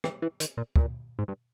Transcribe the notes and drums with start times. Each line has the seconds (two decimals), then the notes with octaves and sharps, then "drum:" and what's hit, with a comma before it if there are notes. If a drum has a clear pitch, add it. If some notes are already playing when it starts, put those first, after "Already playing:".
0.04 E3, drum: rim click
0.22 E3
0.40 D#3, drum: hi-hat
0.57 A#2
0.76 A#2, drum: kick
1.19 G#2
1.28 G2